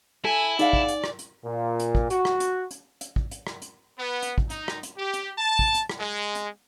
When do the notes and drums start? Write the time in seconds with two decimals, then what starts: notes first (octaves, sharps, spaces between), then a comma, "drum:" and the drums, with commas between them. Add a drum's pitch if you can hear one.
0.24 E4 A4 G#5
0.59 D#4 G#4 D5 F5 F#5, drum: hi-hat
0.73 drum: kick
0.88 drum: hi-hat
1.04 drum: rim click
1.19 drum: hi-hat
1.45 A#2
1.80 drum: hi-hat
1.95 drum: kick
2.10 F#4, drum: hi-hat
2.25 drum: rim click
2.40 drum: hi-hat
2.71 drum: hi-hat
3.01 drum: hi-hat
3.16 drum: kick
3.31 drum: hi-hat
3.47 drum: rim click
3.62 drum: hi-hat
3.99 B3
4.22 drum: hi-hat
4.38 drum: kick
4.50 D#4, drum: hi-hat
4.68 drum: rim click
4.83 drum: hi-hat
4.98 G4
5.14 drum: hi-hat
5.38 A5
5.59 drum: kick
5.74 drum: hi-hat
5.89 drum: rim click
6.00 G#3
6.35 drum: hi-hat